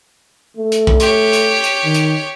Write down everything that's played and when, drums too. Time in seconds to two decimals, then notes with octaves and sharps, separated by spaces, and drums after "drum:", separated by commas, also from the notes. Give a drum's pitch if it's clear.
0.57 A3
0.72 drum: hi-hat
0.87 drum: kick
1.00 G4 C#5, drum: hi-hat
1.33 drum: hi-hat
1.64 drum: hi-hat
1.84 D#3
1.94 drum: hi-hat